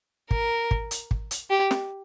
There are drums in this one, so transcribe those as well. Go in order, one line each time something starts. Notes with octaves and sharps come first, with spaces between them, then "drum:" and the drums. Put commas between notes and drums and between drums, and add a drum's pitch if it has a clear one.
A#4, drum: kick
drum: kick
drum: hi-hat
drum: kick
drum: hi-hat
G4
drum: snare